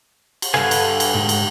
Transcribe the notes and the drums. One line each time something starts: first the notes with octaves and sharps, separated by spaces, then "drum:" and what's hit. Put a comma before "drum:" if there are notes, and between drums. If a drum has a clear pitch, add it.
drum: cymbal
G2 D3 B4 F5 G#5
drum: cymbal
drum: cymbal
G#2
drum: cymbal